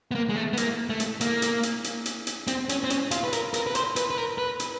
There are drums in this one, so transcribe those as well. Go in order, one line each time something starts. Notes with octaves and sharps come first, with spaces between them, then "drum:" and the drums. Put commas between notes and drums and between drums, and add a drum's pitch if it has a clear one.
B3
A#3
G#3
A3
B3
A#3, drum: hi-hat
A3
drum: hi-hat
A#3, drum: hi-hat
drum: hi-hat
drum: hi-hat
drum: hi-hat
drum: hi-hat
drum: hi-hat
C4, drum: hi-hat
C#4, drum: hi-hat
C4
C#4, drum: hi-hat
F4, drum: hi-hat
B4
A#4, drum: hi-hat
A#4, drum: hi-hat
B4
C5, drum: hi-hat
B4, drum: hi-hat
B4
A#4
B4
drum: hi-hat